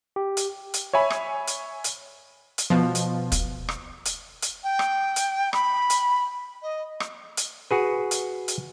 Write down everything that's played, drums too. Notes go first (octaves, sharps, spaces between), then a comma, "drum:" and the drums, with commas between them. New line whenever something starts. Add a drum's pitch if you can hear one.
G4
drum: hi-hat
drum: hi-hat
C#5 E5 G#5 B5
drum: rim click
drum: hi-hat
drum: hi-hat
drum: hi-hat
B2 F3
drum: hi-hat
drum: kick, hi-hat
drum: rim click
drum: hi-hat
drum: hi-hat
G5
drum: rim click
drum: hi-hat
B5, drum: rim click
drum: hi-hat
D#5
drum: rim click
drum: hi-hat
F#4 G#4 B4
drum: hi-hat
drum: hi-hat